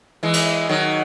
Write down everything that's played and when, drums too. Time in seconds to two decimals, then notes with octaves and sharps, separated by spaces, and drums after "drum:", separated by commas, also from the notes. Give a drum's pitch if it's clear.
0.23 E3 G#3
0.34 drum: cymbal
0.69 D#3 F#3